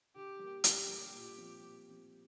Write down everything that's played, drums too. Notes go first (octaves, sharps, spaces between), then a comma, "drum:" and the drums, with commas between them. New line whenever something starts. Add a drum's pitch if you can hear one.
D3 G4
G3 A#3
D3 G4, drum: hi-hat
G3 A#3
A#2
F3 C4
A#2
F3 C4